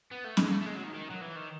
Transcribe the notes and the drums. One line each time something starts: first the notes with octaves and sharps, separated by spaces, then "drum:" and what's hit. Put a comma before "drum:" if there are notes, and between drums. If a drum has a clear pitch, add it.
B3
A3
G#3, drum: snare C#4
A3
A3
G#3
F#3
D#3
D#3
F#3
E3
D#3